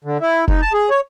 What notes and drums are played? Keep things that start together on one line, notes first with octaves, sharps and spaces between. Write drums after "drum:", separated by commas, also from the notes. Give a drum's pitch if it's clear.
D3
E4
D#4, drum: kick F1
A5
G#4
C#5